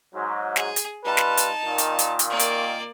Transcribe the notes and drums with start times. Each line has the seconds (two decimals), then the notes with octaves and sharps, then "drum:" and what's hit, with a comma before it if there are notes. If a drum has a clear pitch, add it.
0.13 G#2 F#3
0.56 G#4, drum: snare
0.76 drum: hi-hat
1.04 G3 D#4 F4 B4 A5
1.17 drum: snare
1.37 drum: hi-hat
1.64 A#2 D#3
1.78 drum: hi-hat
1.99 drum: hi-hat
2.19 drum: hi-hat
2.29 A#3 D5
2.39 drum: hi-hat